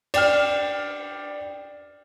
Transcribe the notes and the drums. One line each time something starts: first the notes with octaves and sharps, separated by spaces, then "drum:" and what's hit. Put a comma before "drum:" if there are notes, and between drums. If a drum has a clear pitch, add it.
D5 G5 F6, drum: cymbal